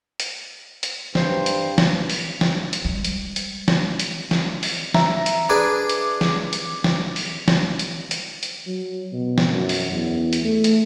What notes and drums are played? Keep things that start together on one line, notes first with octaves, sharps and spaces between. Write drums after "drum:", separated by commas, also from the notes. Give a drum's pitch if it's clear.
drum: hi-hat
drum: hi-hat
G2 C5, drum: snare
drum: hi-hat
drum: snare
drum: open hi-hat
drum: snare
drum: hi-hat
G3 G#3
drum: hi-hat
drum: hi-hat
drum: snare
drum: hi-hat
drum: snare
drum: open hi-hat
E5 A#5, drum: snare
drum: hi-hat
D4 G#4 B4 D6
drum: hi-hat
drum: snare
drum: hi-hat
drum: snare
drum: open hi-hat
drum: snare
drum: hi-hat
drum: hi-hat
drum: hi-hat
F#3
B2
drum: snare
F#2
drum: open hi-hat
E2
drum: hi-hat
A3
drum: hi-hat